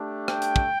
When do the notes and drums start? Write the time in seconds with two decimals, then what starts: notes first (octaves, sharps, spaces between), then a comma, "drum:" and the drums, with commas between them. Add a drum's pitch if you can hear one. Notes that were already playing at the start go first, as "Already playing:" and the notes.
Already playing: A3 D4 G4
0.28 G5, drum: rim click
0.42 drum: hi-hat
0.56 drum: kick